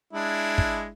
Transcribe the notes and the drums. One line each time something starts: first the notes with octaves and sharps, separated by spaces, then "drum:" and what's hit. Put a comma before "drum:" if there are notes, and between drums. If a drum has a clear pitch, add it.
G#3 D4 E4
drum: kick